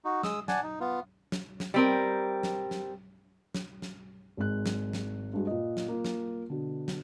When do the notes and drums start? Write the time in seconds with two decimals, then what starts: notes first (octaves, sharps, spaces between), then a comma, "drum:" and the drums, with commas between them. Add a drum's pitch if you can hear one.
0.05 D#4 F#4
0.23 G#3 D#6 E6, drum: snare
0.48 D5 F#5 G#5 A5, drum: snare
0.63 D#4
0.80 B3 F4
1.32 drum: snare
1.60 drum: snare
1.74 G3 C4 A#4
2.43 drum: snare
2.71 drum: snare
3.55 drum: snare
3.82 drum: snare
4.37 G#1 G#3 F#6
4.66 drum: snare
4.93 drum: snare
5.33 G2 G#3 F#4
5.47 A#2 D#5
5.77 drum: snare
5.88 A#3 F4
6.05 drum: snare
6.50 B2 D3
6.88 drum: snare